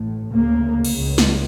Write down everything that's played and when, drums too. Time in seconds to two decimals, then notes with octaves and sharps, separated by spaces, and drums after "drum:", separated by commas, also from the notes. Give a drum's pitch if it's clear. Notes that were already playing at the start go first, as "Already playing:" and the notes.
Already playing: A1 A2
0.32 D2 C#3 A#3
0.85 drum: cymbal
0.96 C#2 C#3
1.18 drum: snare